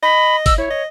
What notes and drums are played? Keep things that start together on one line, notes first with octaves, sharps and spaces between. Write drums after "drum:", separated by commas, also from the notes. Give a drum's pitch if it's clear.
D#5 B5
E6, drum: kick, open hi-hat
E4 C#5
D#5